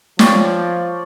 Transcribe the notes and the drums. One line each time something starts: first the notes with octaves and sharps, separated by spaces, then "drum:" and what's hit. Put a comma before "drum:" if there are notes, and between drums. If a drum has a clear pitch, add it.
F3 C#5 D5 G5, drum: snare